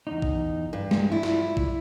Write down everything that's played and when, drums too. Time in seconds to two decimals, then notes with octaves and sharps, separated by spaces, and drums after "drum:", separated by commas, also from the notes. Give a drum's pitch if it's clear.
0.07 E2 D#4
0.22 drum: kick
0.73 G2
0.91 G#3, drum: snare
1.12 E4 F4 D5 E5
1.23 drum: snare
1.57 drum: kick